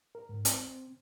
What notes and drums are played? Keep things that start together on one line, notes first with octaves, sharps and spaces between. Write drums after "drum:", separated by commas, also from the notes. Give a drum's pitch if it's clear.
A#4
G#2
C4, drum: hi-hat